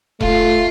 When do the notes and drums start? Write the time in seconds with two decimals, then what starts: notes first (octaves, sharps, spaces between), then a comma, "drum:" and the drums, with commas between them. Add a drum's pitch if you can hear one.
0.21 A3 F4, drum: kick E1